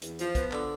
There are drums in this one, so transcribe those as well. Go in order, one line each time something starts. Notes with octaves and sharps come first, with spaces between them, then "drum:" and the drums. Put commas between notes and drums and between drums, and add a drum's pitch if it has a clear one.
E2, drum: hi-hat
F3, drum: hi-hat
B3, drum: kick A#1, hi-hat
D3, drum: clap